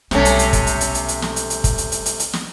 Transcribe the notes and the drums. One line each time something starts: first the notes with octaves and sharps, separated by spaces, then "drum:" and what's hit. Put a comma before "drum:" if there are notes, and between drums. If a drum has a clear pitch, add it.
B1 C3 G3 A3 C#4, drum: snare
drum: hi-hat
drum: hi-hat
drum: kick, hi-hat
drum: hi-hat
drum: hi-hat
drum: hi-hat
drum: hi-hat
drum: snare
drum: hi-hat
drum: hi-hat
drum: kick, hi-hat
drum: hi-hat
drum: hi-hat
drum: hi-hat
drum: hi-hat
drum: snare